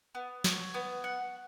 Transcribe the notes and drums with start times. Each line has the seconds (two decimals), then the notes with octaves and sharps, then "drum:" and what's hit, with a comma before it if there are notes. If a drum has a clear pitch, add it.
0.15 B3
0.44 C#5, drum: snare
0.74 B3
1.04 F#5